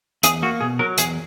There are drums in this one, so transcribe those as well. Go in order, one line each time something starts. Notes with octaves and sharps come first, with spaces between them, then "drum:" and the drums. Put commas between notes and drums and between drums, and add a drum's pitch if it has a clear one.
E2 G#4, drum: hi-hat
A#3 F#4
B2 G#4
F#3 A#4
E2 G#4, drum: hi-hat